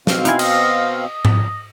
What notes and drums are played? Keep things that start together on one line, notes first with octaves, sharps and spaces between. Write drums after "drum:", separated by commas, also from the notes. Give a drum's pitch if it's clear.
B2 C4 F5, drum: snare
D#4 E4 G#5, drum: hi-hat
D#5, drum: cymbal
drum: tom G#2